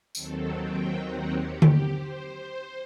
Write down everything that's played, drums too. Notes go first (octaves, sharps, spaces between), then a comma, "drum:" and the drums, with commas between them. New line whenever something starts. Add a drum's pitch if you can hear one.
D#2 D#3 F#3 C4 A4, drum: tambourine
G5
F#5
G4
G4, drum: tom D3
C5
C5